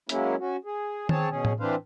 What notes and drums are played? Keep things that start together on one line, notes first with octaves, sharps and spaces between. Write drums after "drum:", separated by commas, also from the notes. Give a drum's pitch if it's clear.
F#3 G#3 A#3 C#4 E4, drum: hi-hat
C#4 F#4
G#4
C4 G#4 C#5 A5, drum: tom D#3
B2 C#4 G#4
drum: tom A2
E3 C4 D4 B4 C5 F5